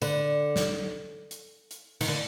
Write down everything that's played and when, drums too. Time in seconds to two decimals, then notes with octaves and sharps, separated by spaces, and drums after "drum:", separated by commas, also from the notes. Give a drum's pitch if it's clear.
0.02 D3, drum: tambourine
0.56 drum: snare
1.31 drum: hi-hat
1.71 drum: hi-hat
2.01 D#3, drum: cymbal
2.08 D3